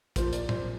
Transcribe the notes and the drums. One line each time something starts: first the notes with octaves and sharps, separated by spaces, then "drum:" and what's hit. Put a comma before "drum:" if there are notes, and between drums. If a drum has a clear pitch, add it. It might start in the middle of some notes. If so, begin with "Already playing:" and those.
A#2 F3 A#3 C5, drum: kick, hi-hat
D5, drum: hi-hat
C5, drum: tom